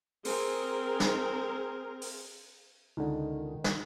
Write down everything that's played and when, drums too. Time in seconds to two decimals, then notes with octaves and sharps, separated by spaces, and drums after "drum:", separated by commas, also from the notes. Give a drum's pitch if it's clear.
0.25 C4 G#4 A#4, drum: open hi-hat
1.00 drum: snare
2.01 drum: open hi-hat
2.97 C#2 D3 D#3
3.64 drum: snare